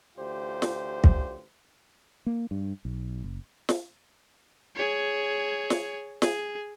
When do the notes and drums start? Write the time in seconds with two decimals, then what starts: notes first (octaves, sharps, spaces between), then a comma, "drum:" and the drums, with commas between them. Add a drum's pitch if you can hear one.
0.17 A1 D2 F4 G4 C5
0.62 drum: snare
1.04 drum: kick
2.26 A#3
2.51 G2
2.85 B1
3.24 F#1
3.69 drum: snare
4.76 G#4 C#5
5.70 drum: snare
6.22 G#4, drum: snare